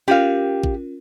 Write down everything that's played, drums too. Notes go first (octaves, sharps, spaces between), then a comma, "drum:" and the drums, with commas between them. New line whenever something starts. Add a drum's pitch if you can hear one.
C#4 F4 G4 A#4 F5
drum: kick A1